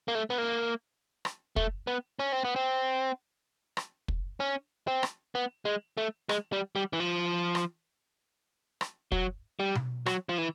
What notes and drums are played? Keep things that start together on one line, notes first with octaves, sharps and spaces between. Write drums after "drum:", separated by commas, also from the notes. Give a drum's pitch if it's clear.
A#3
A3
B3
A#3
drum: rim click
A3, drum: kick
B3
C#4
C4
B3
C4
drum: rim click
drum: kick
C#4
C4
drum: rim click
B3
G#3
A3
G#3, drum: rim click
G3
G3
E3
F3
drum: rim click
drum: rim click
F#3, drum: kick
G3
drum: tom B2
F#3, drum: rim click
F3
E3